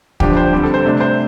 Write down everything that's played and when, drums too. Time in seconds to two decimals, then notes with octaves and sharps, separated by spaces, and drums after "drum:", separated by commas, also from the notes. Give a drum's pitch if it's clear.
0.20 G2 D3 F3 D4 G4, drum: kick
0.37 C5
0.53 D3 G3 C4 G4
0.63 A4
0.74 C5
0.84 C3 A3 D4
1.00 C5